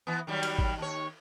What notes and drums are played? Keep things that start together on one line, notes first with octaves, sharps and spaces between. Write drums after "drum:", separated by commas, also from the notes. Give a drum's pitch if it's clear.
E3 B3
D#3 F#3 G3
drum: cymbal
drum: kick G#1
D#2 C#5